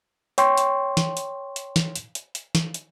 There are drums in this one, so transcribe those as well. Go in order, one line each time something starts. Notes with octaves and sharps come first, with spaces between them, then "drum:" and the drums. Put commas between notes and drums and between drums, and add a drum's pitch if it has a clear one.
C#5 G5 C6 C#6, drum: hi-hat
drum: hi-hat
drum: snare
drum: hi-hat
drum: hi-hat
drum: snare
drum: hi-hat
drum: hi-hat
drum: hi-hat
drum: snare
drum: hi-hat